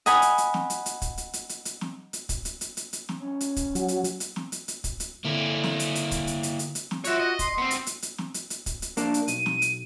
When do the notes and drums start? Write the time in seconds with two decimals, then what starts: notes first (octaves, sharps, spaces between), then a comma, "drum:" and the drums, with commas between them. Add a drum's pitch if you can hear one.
0.06 D#5 F#5 G#5 B5, drum: hi-hat
0.22 drum: hi-hat
0.38 drum: hi-hat
0.54 drum: snare
0.70 drum: hi-hat
0.86 drum: hi-hat
1.02 drum: kick, hi-hat
1.18 drum: hi-hat
1.33 drum: hi-hat
1.49 drum: hi-hat
1.65 drum: hi-hat
1.81 drum: snare
2.13 drum: hi-hat
2.29 drum: kick, hi-hat
2.45 drum: hi-hat
2.61 drum: hi-hat
2.77 drum: hi-hat
2.93 drum: hi-hat
3.09 drum: snare
3.20 C#4
3.41 drum: hi-hat
3.56 drum: kick, hi-hat
3.75 F#3, drum: hi-hat
3.88 drum: hi-hat
4.04 drum: hi-hat
4.20 drum: hi-hat
4.36 drum: snare
4.52 drum: hi-hat
4.68 drum: hi-hat
4.84 drum: kick, hi-hat
5.00 drum: hi-hat
5.25 D3 A#3 C4 E4
5.64 drum: snare
5.79 drum: hi-hat
5.95 drum: hi-hat
6.11 drum: kick, hi-hat
6.27 drum: hi-hat
6.43 drum: hi-hat
6.59 drum: hi-hat
6.75 drum: hi-hat
6.91 drum: snare
7.04 F4 F#4 C#5 E5, drum: hi-hat
7.20 D#5
7.39 C6, drum: kick, hi-hat
7.58 B3 C4
7.71 drum: hi-hat
7.87 drum: hi-hat
8.02 drum: hi-hat
8.18 drum: snare
8.34 drum: hi-hat
8.50 drum: hi-hat
8.66 drum: kick, hi-hat
8.82 drum: hi-hat
8.97 A#3 D4, drum: hi-hat
9.14 drum: hi-hat
9.28 B1 D#7, drum: hi-hat
9.46 drum: snare
9.62 drum: hi-hat